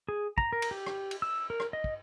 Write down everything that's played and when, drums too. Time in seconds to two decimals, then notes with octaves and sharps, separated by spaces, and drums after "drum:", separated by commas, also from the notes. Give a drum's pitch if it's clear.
0.08 G#4
0.38 A#5, drum: kick
0.53 A#4
0.62 drum: cymbal
0.71 G4
0.86 drum: rim click
1.11 drum: cymbal
1.22 E6
1.50 A#4
1.60 drum: rim click
1.73 D#5
1.84 drum: kick